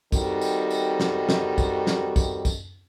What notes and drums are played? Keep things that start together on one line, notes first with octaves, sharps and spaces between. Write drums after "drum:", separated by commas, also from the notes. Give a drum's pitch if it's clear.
D#3 G3 C4 D#4 F#4 A4, drum: kick, tambourine
drum: tambourine
drum: tambourine
drum: snare
drum: snare
drum: kick, tambourine
drum: snare
drum: kick, tambourine
drum: kick, tambourine